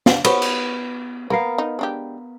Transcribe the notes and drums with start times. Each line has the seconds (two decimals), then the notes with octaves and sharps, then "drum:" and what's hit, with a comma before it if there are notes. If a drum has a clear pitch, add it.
0.06 G3 D4 F5, drum: snare
0.25 B3 F#4 C5 C#5, drum: cymbal
0.42 drum: cymbal
1.30 A#3 B3 A#4 F5
1.58 D#4
1.79 G#3 D4 G4